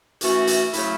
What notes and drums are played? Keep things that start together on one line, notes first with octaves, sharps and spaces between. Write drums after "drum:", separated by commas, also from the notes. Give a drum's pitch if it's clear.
E3 A3 C#4 F#4, drum: hi-hat
drum: hi-hat
C#3 F#3 A3 E4, drum: hi-hat